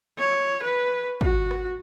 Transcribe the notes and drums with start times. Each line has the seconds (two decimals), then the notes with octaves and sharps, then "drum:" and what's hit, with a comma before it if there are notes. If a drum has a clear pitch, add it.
0.18 C#5
0.62 B4
1.21 F#4, drum: kick
1.51 drum: rim click